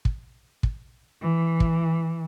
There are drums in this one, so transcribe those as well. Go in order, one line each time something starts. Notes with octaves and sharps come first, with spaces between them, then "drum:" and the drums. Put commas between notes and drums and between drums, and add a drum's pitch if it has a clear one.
drum: kick
drum: kick
E3
drum: kick